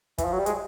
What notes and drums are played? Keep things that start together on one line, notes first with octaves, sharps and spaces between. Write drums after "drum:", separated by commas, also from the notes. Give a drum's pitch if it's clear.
E3, drum: kick, hi-hat
F3
F#3
G3
G#3, drum: hi-hat